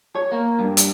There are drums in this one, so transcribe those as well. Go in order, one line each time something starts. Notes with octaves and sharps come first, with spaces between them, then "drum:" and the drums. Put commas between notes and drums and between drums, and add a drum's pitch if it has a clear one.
C#5
A#3
G2
drum: hi-hat